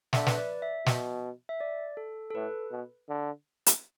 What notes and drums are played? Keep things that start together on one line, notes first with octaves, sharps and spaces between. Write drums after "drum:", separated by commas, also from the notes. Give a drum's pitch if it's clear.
D3 E5, drum: snare
B4, drum: snare
D5
E5
B2, drum: snare
E5
D5
A4
A4
A2 B4
B2
D3
drum: hi-hat